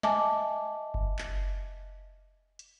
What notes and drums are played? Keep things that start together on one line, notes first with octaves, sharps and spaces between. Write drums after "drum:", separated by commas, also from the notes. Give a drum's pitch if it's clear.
D#5 E5 G#5 A5 D6, drum: snare
drum: kick F#1
drum: clap
drum: hi-hat